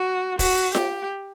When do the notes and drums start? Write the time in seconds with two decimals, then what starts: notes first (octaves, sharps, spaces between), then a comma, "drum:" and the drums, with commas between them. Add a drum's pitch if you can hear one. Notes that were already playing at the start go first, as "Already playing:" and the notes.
Already playing: F#4
0.39 F#4, drum: kick, open hi-hat
0.75 G4, drum: snare F4